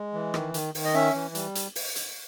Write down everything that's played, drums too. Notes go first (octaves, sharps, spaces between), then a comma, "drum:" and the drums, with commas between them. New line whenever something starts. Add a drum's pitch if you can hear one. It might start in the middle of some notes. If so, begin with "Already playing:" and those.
Already playing: G#3
E3
D#3, drum: rim click
D#3, drum: hi-hat
D#3, drum: open hi-hat
D#5
C#4 E5
E3
G3, drum: hi-hat
drum: hi-hat
drum: open hi-hat
drum: hi-hat